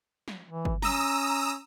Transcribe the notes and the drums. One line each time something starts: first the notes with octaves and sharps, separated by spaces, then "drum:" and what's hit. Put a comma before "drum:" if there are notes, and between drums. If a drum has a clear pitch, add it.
drum: snare
E3
drum: kick G1
C#4 A#5 D#6 E6, drum: snare